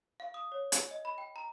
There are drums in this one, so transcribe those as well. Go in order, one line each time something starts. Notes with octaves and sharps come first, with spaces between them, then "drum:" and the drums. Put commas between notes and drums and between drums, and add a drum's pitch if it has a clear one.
F5
D#6
C#5
G#5, drum: hi-hat
D#5
B5
G5
A#5